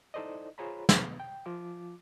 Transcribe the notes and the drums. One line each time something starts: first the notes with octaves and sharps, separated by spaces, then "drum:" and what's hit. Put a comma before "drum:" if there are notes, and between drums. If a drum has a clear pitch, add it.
D#4 E4 A4 C5 D5 D#5
F4 G#4 C5 C#5 A#5 B5
B3, drum: snare
G5
F3 F4 D6